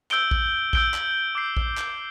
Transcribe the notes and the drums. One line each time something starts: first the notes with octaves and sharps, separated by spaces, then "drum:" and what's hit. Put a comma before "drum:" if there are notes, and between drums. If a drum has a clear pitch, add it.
E6 G6 D7 G7, drum: clap
drum: kick A#1
E6 G6 D7 G7, drum: kick A#1
drum: clap
D6 G6 C7
drum: kick A#1
drum: clap